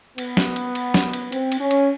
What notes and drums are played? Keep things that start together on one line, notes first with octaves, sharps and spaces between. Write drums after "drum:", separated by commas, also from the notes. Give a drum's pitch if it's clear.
B3, drum: cymbal
drum: snare
drum: cymbal
drum: cymbal
drum: snare
drum: cymbal
C4, drum: cymbal
drum: cymbal
C#4
drum: cymbal